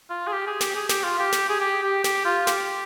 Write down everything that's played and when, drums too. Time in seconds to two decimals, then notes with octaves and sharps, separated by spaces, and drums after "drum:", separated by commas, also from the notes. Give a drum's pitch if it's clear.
0.10 F4
0.27 G#4
0.32 G4
0.47 G#4
0.61 G4, drum: snare
0.75 G#4
0.89 G4, drum: snare
1.04 F4
1.19 G4
1.32 drum: snare
1.49 G#4
1.61 G4
1.83 G4
2.04 G4, drum: snare
2.25 F4
2.47 G4, drum: snare